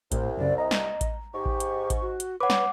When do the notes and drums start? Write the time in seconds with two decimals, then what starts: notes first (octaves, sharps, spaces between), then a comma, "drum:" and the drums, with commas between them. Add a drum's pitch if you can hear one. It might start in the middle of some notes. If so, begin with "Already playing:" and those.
0.12 C2 A2 C5, drum: kick A1, hi-hat
0.37 F#2 C#3 D5
0.58 D#5 A#5
0.71 drum: snare
1.01 drum: kick A1, hi-hat
1.34 G#2 G4 C#6
1.46 drum: kick A1
1.60 drum: hi-hat
1.90 drum: kick A1, hi-hat
2.01 F#4
2.20 drum: hi-hat
2.40 B4 C#5 F#5 D6
2.50 drum: snare